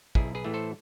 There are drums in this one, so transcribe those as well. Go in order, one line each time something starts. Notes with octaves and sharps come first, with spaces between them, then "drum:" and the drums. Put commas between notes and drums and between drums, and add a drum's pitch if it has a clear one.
B1 E4 G#4, drum: kick
G#4 B4
A2 E3 A3
A4 C5